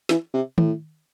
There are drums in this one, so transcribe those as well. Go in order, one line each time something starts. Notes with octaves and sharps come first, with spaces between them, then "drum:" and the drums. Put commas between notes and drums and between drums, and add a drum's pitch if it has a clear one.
E3, drum: snare
C3
A2, drum: tom D#3